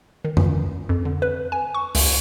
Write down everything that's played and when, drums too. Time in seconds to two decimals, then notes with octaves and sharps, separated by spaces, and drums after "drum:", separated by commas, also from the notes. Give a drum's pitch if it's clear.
0.25 D#3
0.37 E3, drum: tom F2
0.89 F2
1.05 D3
1.22 B4
1.52 G#5
1.75 C#6
1.95 C#2, drum: open hi-hat